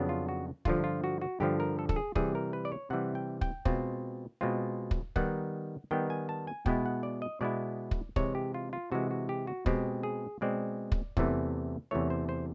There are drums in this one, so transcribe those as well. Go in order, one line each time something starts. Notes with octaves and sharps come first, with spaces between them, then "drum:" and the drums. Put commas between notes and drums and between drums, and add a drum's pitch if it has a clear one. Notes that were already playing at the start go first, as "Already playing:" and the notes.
Already playing: F2 C#3 F#3 B3 D4
F4
F#4
G2 D3 F3 F4, drum: kick
F4
F#4
F#4
G2 D3 F3 G4
A#4
A4
A4, drum: kick
G#4
C3 E3 G3 G#4, drum: kick
A#4
B4
D5
C#5
C3 E3 G3 F#5
G5
G5, drum: kick
B2 G#3 C4 F4, drum: kick
B2 G#3 C4 F4
drum: kick
D#3 G3 B3 D#4 F#5, drum: kick
D#3 G3 B3 D#4 G5
G#5
A5
G#5
B2 G#3 B3 E4 G5, drum: kick
F#5
D5
D#5
B2 G#3 B3 E4 D5
drum: kick
C3 E3 G#3 C#5, drum: kick
G4
F4
F4
C3 E3 G#3 F#4
F#4
G4
F#4
B2 G#3 C4 G4, drum: kick
G#4
B2 G#3 C4 D5
drum: kick
E2 C3 E3 A3, drum: kick
E2 C3 E3 A3 C#5
C5
C5